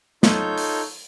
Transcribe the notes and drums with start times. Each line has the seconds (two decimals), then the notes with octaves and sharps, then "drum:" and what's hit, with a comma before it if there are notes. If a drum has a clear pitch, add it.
0.23 D#4 F4 A4 C#5 G6, drum: snare
0.58 drum: open hi-hat